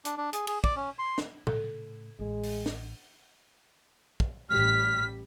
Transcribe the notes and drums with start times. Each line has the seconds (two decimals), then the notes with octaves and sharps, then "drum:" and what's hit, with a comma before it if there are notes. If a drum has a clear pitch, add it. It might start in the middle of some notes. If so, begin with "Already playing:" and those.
0.05 D4, drum: hi-hat
0.18 D4
0.33 G#4, drum: hi-hat
0.47 G#4, drum: cymbal
0.64 D5, drum: kick
0.76 C#4
0.99 C6
1.18 drum: snare
1.47 A2 C#3 A4, drum: tom
2.19 A1 G#3
2.43 drum: open hi-hat
2.66 drum: snare
4.20 drum: kick
4.50 A1 G3 F6 B6